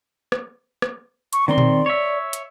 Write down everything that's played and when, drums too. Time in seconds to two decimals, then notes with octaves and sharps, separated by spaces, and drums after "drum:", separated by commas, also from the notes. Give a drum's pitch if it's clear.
0.32 drum: rim click
0.82 drum: rim click
1.33 C#6, drum: hi-hat
1.48 D#3 C4 D5 C6
1.58 drum: tom A#2
1.86 C#5 E5
2.33 drum: hi-hat